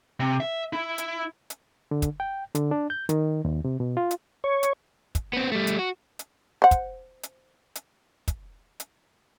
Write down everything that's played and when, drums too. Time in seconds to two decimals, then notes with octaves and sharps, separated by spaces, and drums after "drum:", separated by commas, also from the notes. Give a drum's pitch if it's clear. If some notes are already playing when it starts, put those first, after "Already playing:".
0.20 C3
0.40 E5
0.73 E4
0.98 drum: hi-hat
1.50 drum: hi-hat
1.91 D3
2.02 drum: kick, hi-hat
2.20 G5
2.55 D3, drum: hi-hat
2.71 D4
2.90 G6
3.09 D#3, drum: hi-hat
3.45 D#2
3.65 C3
3.80 B2
3.97 F4
4.11 drum: hi-hat
4.44 C#5
4.63 drum: hi-hat
5.15 drum: kick, hi-hat
5.33 B3 C4
5.52 G3 A3
5.67 drum: hi-hat
5.79 F#4
6.19 drum: hi-hat
6.62 C5 F#5
6.71 drum: kick, hi-hat
7.23 drum: hi-hat
7.75 drum: hi-hat
8.28 drum: kick, hi-hat
8.80 drum: hi-hat